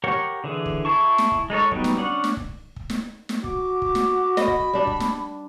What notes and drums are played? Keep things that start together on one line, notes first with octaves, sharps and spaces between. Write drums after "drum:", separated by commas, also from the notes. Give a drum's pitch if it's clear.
G4 A#4 C#5 F#5
D3 E3 G#4
drum: kick
E4 G#4 A5 C#6
drum: snare
drum: kick
G#3 D#4 A4 C#5
F#3 G3 B3 D#4, drum: kick
drum: snare
C#4 D4 F#5
drum: snare
drum: kick
drum: kick
drum: snare
drum: snare
F#4 D6, drum: kick
drum: kick
drum: snare
D#5 B5, drum: snare
drum: kick
G3 D4
drum: kick
drum: snare